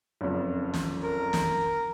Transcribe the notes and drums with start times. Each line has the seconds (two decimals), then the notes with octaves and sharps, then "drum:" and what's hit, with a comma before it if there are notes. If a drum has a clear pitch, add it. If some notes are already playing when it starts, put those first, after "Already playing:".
0.21 F#1 F2
0.74 drum: snare
1.03 A#4
1.33 drum: snare